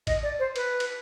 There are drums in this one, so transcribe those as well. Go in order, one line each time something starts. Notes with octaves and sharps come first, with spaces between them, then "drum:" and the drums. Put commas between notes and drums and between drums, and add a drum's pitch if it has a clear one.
D#5, drum: kick, cymbal
D5
C5
B4, drum: cymbal
drum: cymbal